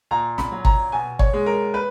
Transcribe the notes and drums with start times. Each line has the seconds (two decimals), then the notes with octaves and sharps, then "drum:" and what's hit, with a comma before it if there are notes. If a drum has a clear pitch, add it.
0.11 A#2 A#5
0.38 B5, drum: snare
0.52 F#3
0.65 A#5, drum: kick
0.92 B2 G#5
1.19 C#5, drum: kick
1.33 G#3
1.46 A#4
1.74 B4